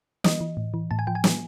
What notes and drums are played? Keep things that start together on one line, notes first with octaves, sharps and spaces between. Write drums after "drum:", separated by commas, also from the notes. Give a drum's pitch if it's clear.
E3 D#5, drum: snare
E3
A2
E3
A2 A5
G#5
F3 G5
G#5
F3, drum: snare